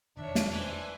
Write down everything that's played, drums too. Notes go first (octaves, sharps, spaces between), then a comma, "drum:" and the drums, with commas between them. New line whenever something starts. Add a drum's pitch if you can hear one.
E1 F2 D#3 D4 C#5 E5
drum: snare
E3 D4 C5 E5 G#5